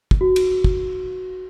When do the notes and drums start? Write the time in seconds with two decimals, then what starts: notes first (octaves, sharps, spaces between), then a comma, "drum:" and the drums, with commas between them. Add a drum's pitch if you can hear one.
0.11 drum: kick
0.21 F#4
0.36 drum: cymbal
0.64 drum: kick